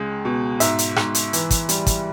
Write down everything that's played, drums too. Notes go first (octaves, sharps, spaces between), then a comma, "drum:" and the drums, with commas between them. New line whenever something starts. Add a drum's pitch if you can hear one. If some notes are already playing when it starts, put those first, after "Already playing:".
Already playing: C#2 G#3
B2
G#2 E5, drum: hi-hat
drum: hi-hat
G#2, drum: rim click
drum: hi-hat
E3, drum: hi-hat
drum: kick, hi-hat
G3, drum: hi-hat
drum: kick, hi-hat